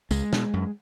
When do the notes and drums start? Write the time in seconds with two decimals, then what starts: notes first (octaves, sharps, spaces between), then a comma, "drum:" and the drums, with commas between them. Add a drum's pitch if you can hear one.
0.11 C#2 G#3, drum: tambourine
0.33 B2, drum: snare
0.54 F#2